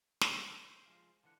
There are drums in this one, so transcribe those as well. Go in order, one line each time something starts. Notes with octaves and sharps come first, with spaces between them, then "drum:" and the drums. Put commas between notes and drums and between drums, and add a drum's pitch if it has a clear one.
G3 A3 C4 D4 E4, drum: snare
E4 C5
F3 G#3 F4
D3 E3 F#5